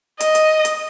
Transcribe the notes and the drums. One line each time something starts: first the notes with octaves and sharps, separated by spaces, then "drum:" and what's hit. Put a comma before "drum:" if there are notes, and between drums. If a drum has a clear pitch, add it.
D#5, drum: hi-hat
drum: hi-hat
drum: hi-hat